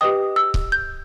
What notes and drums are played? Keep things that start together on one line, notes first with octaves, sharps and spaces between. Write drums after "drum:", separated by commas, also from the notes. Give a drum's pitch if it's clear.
G4 B4 D#5 G5 D#6
E6
drum: kick C#1
G6